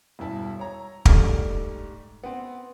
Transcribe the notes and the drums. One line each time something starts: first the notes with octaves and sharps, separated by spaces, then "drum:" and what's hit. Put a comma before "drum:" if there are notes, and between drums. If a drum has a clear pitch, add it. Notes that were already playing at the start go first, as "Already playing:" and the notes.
E1 G2 E4 A5
C#5 A#5
G#2 G3 A3 D6 F6, drum: kick
B3 C4